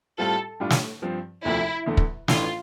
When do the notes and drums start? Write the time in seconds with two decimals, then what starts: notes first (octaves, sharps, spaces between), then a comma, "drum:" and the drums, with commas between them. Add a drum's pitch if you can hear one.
0.18 A2 G3 C4 F4 A4
0.60 A2 G3 D4 F4
0.70 drum: snare
1.02 G2 F3 C4
1.44 E1 D2 C3 F3 A3 E4
1.86 E2 D3 A3
1.97 drum: kick
2.28 A1 A2 E3 A3 D4 F4, drum: snare